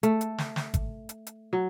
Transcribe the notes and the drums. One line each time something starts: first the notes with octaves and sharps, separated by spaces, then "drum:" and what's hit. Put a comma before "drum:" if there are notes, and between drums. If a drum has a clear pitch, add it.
A3, drum: hi-hat
drum: hi-hat
drum: snare
drum: snare
drum: kick, hi-hat
drum: hi-hat
drum: hi-hat
F#3